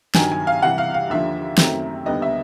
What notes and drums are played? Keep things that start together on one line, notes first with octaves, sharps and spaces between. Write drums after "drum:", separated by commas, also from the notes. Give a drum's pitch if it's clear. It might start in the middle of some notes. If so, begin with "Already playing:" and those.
G2 D#3 F#3 G#5, drum: snare
G#5
F5
C3 E3 G3 F#5
F5
F5
D#2 D3 F3 E5
F#2 D#3 F#3 A3 C4, drum: snare
D#2 D3 G3 B3 D#5
E5